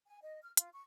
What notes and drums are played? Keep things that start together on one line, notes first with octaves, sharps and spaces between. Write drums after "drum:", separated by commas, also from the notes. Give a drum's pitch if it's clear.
G#5
D#5
F6
F4, drum: hi-hat
C#6